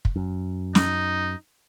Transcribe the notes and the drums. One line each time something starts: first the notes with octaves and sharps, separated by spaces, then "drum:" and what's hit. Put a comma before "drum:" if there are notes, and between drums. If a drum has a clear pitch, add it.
drum: kick
F#2
D#4, drum: snare